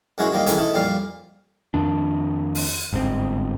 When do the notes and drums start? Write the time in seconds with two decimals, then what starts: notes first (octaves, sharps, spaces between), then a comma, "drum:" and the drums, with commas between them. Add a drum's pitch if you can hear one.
0.18 F#2 G#3 E4 F#4 C#5
0.32 D#2 G3 A#3 D#4
0.46 A1 G#2 D#3 A3 E4, drum: hi-hat
0.58 A3 D#4 E4
0.74 F2 A#2 G3 F5
1.74 F2 D#3 D4
2.55 drum: open hi-hat
2.93 G1 G#2 C3 C4